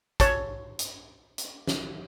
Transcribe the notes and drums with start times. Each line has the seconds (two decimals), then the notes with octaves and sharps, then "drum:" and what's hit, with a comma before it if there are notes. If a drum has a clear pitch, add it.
0.20 C#5 A5, drum: kick, hi-hat
0.79 drum: hi-hat
1.38 drum: hi-hat
1.67 drum: snare